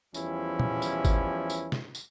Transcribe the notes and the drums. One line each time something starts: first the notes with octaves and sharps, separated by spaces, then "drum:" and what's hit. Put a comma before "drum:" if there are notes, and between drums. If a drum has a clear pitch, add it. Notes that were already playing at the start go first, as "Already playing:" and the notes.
E2 E3 F3 G3 C#4 E4, drum: tambourine
drum: tom
drum: tambourine
drum: kick, tambourine
drum: tambourine
drum: snare
drum: tambourine